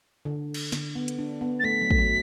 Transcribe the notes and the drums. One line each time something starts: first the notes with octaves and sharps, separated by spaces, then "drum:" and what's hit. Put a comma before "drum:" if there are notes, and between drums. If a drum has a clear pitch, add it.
D3
drum: cymbal
D3, drum: snare
B3
drum: hi-hat
D4
B3
A6
A3 B6
F#3
A3, drum: kick
F#3